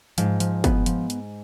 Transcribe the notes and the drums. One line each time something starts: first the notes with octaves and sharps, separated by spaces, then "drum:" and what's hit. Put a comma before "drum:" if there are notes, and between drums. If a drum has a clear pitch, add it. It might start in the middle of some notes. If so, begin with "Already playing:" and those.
G#2 F3, drum: hi-hat
F3, drum: hi-hat
B3, drum: kick, hi-hat
F3, drum: hi-hat
drum: hi-hat